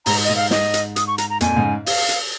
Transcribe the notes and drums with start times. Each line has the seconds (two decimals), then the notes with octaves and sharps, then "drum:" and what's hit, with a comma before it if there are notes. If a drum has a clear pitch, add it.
0.06 G#2 A#5, drum: open hi-hat
0.25 G#2 D#5
0.36 F5
0.51 D#5, drum: snare
0.74 drum: hi-hat
0.96 D#6, drum: hi-hat
1.07 C#6
1.18 A#5, drum: hi-hat
1.30 A#5
1.41 F2 A#2 G#5, drum: hi-hat
1.56 G#2 C#3
1.86 F5, drum: open hi-hat
2.09 drum: hi-hat